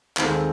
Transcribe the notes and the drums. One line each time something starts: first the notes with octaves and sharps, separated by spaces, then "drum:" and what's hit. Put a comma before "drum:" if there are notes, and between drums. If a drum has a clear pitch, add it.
D#2 D#3 G#3 C4 A4, drum: clap